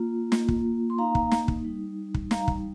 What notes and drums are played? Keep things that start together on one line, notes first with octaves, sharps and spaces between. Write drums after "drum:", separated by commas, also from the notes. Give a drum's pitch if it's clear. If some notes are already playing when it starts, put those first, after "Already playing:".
Already playing: A#3 F4
A#3 F4, drum: snare
drum: kick
C6
A#3 D#4 F5 A#5
drum: kick
drum: snare
drum: kick
G3 D#4
drum: kick
G3 D#4 F5 A#5, drum: snare
drum: kick